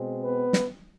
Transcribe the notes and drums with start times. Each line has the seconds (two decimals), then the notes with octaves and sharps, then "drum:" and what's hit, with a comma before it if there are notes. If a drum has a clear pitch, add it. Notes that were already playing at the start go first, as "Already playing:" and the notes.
Already playing: B2 G#3 C4
0.22 B3 B4
0.53 drum: snare